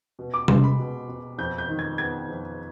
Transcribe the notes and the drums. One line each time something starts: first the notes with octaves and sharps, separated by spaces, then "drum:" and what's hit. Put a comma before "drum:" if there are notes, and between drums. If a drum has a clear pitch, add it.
B2
D6
G#3 C6, drum: tom C3
B5
B2
B2
F2 G6
G6
D#3
G#6
B3 G#6
F2